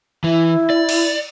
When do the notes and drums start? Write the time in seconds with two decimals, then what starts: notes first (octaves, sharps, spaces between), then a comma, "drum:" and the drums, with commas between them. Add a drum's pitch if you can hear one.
0.24 E3 E4
0.70 D5
0.89 drum: cymbal